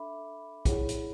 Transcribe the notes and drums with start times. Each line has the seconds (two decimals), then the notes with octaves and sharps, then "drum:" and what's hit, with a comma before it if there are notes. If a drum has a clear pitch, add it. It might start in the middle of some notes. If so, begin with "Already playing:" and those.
Already playing: D4 A4 E5 B5 D6
0.65 E4 G#4 C#5 F#5 B5, drum: kick, hi-hat
0.89 drum: hi-hat